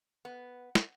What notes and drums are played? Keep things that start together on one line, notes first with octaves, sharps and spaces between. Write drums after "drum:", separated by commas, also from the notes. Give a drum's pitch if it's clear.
B3
drum: snare